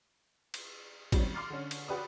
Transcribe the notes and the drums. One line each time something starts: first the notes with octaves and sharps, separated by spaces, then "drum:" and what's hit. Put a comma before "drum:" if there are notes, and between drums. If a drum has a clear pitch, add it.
drum: cymbal
D#3 F#3 G3 C4 C#4, drum: kick A1, cymbal
C6 D6 F6 A6 C7
D3 C#4
drum: cymbal
F#4 G4 B4 D5 D#6